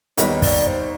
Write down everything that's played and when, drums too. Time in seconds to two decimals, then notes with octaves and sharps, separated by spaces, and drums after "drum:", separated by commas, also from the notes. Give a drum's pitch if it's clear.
0.18 D#2 D#3 G3 B3 D#4 C#5, drum: hi-hat
0.42 D5, drum: kick, open hi-hat
0.67 C5